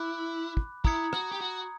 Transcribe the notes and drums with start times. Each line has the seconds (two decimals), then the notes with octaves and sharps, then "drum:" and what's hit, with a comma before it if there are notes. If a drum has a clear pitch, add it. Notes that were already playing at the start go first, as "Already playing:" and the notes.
Already playing: E4 B5 D6 F#6
0.57 drum: kick
0.85 E4 A#5 D#6 G#6 C#7, drum: kick
1.13 F#4, drum: rim click
1.32 G4
1.41 F#4